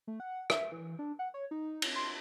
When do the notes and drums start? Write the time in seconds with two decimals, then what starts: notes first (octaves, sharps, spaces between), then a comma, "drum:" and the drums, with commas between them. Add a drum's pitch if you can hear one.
0.08 A3
0.20 F#5
0.50 E5, drum: rim click
0.72 E3
0.99 D4
1.19 F#5
1.34 C#5
1.51 D#4
1.82 drum: cymbal
1.95 C6